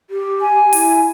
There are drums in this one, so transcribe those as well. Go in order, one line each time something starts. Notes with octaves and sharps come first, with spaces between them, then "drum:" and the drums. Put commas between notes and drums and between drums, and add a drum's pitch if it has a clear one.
G4
G#5
E4, drum: open hi-hat